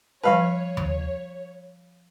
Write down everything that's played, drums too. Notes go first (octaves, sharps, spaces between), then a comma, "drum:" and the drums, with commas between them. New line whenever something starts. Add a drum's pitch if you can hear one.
F3 G3 B4 C#5 F5 A5
drum: tom D#2